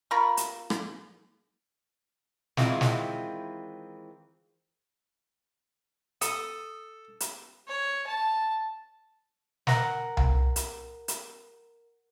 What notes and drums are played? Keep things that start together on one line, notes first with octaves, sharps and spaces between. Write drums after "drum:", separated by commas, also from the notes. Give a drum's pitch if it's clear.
F4 A#4 B5 C#6
drum: hi-hat
drum: rim click
D#3 E3 G#3 C4 E4 F4, drum: snare
drum: snare
A4 D#6, drum: hi-hat
drum: hi-hat
C#5
A5
A#4 F#5 A#5, drum: snare
drum: tom C2
drum: hi-hat
drum: hi-hat